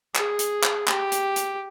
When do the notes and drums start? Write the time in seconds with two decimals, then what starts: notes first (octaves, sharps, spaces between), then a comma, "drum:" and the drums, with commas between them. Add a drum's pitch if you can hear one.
0.15 G#4, drum: clap
0.39 drum: hi-hat
0.63 drum: clap
0.88 G4, drum: clap
1.12 drum: hi-hat
1.36 drum: hi-hat